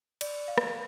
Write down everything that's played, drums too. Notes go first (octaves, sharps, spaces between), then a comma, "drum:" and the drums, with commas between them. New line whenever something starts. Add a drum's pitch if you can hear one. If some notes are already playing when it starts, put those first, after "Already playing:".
D5, drum: cymbal
F5
drum: rim click